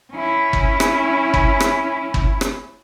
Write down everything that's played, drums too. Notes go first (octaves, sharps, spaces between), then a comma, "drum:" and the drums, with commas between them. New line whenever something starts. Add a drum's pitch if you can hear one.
C#4 E4
drum: kick G1
drum: rim click
drum: kick G1
drum: rim click
drum: kick G1
drum: rim click